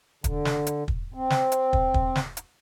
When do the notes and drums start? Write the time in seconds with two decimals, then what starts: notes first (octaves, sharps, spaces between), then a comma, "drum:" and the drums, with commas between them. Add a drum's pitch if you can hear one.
0.24 D3, drum: kick, hi-hat
0.45 drum: snare
0.67 drum: hi-hat
0.88 drum: kick
1.14 C4
1.30 drum: snare
1.52 drum: hi-hat
1.73 drum: kick
1.94 drum: kick
2.15 drum: snare
2.37 drum: hi-hat